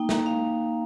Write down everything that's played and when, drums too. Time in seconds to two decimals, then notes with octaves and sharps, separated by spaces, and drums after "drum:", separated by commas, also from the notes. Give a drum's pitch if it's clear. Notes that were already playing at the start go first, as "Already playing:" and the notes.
Already playing: A#3 D#4 G5
0.09 A#5, drum: snare
0.26 F5